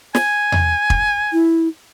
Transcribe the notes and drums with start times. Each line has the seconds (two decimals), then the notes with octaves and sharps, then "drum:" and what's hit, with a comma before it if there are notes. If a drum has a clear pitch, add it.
0.15 G#5, drum: snare
0.52 drum: tom E2
0.90 drum: kick
1.33 E4